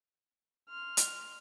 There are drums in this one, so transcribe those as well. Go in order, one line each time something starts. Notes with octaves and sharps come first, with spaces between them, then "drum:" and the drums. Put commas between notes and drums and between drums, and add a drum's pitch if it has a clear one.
C6 F6
drum: hi-hat